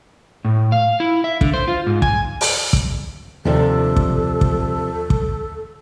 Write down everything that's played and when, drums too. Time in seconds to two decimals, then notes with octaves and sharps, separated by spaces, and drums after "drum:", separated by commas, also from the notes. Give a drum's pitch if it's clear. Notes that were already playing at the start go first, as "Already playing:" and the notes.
0.45 A2
0.72 F5
1.00 E4
1.24 E5
1.41 D3, drum: kick
1.54 C5
1.68 F4
1.87 G#2
2.02 G#5, drum: kick
2.41 drum: open hi-hat
2.73 drum: kick
3.45 D#2 C3 F3 D4 A4
3.96 drum: kick
4.41 drum: kick
5.10 drum: kick